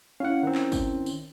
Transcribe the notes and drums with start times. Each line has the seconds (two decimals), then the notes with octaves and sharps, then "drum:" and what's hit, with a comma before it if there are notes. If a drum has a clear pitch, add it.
0.20 C#4 E4 F5 F#5
0.43 D#3 C4
0.55 drum: clap
0.72 drum: kick G#1, tambourine
1.06 drum: tambourine